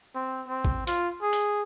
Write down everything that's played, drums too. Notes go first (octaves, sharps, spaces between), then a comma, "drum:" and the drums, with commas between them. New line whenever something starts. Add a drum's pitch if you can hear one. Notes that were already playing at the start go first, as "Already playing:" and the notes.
C4
C4
drum: kick
F4, drum: hi-hat
G#4
drum: hi-hat